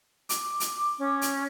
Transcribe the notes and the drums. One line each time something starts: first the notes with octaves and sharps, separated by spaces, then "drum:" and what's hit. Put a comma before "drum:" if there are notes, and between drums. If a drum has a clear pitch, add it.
D6, drum: hi-hat
drum: hi-hat
C#4
drum: hi-hat